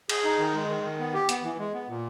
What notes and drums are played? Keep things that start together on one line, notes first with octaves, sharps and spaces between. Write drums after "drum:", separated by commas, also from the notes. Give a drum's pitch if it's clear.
G#4, drum: cymbal
D#4
D#3
G#3
D#3
D#3
B3
G4
B3, drum: hi-hat
E3
G#3
B3
A#2